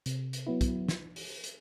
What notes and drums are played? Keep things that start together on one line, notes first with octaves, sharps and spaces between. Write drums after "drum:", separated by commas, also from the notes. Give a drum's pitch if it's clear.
C3, drum: hi-hat
drum: hi-hat
F#3 B3 E4
drum: kick, hi-hat
drum: snare
drum: open hi-hat
drum: hi-hat